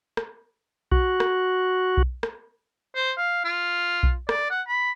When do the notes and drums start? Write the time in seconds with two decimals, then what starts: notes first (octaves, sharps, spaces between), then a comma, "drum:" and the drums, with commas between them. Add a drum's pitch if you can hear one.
0.17 drum: rim click
0.92 F#4, drum: kick B1
1.20 drum: rim click
1.97 drum: kick B1
2.23 drum: rim click
2.95 C5
3.17 F5
3.44 F4
4.03 drum: kick B1
4.29 D5, drum: rim click
4.51 F#5
4.68 B5